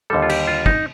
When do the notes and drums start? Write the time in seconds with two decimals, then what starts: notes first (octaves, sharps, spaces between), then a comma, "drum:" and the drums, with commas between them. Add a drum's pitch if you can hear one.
0.10 D#2 D3 G3 A4
0.22 F4
0.29 G4, drum: cymbal
0.47 F4
0.66 D#4, drum: kick